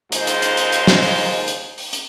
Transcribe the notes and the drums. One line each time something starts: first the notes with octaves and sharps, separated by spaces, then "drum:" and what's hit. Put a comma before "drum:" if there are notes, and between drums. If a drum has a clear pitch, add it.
D#2 G#2 G#3 F4 C5, drum: hi-hat
drum: hi-hat
drum: hi-hat
drum: hi-hat
drum: hi-hat
drum: snare
drum: open hi-hat
drum: open hi-hat
drum: hi-hat
drum: open hi-hat
drum: hi-hat